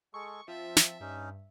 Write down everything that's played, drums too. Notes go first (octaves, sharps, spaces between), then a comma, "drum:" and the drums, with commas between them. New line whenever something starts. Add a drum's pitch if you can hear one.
G#3 G#4 A4 C#6
F3 C4 E5 A5
drum: snare
G2 C#4 D#4